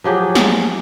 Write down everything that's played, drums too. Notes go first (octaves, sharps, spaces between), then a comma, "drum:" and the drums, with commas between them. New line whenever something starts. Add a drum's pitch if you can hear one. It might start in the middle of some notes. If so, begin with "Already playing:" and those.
F3 F#3 G4 G#4
drum: snare